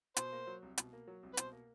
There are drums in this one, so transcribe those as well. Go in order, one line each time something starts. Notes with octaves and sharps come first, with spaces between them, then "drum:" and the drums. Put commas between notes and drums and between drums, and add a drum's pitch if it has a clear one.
B2 C5, drum: hi-hat
A#3
F#3
C2
B2, drum: hi-hat
A#3
F#3
C2
B4
B2 C5, drum: hi-hat
A#3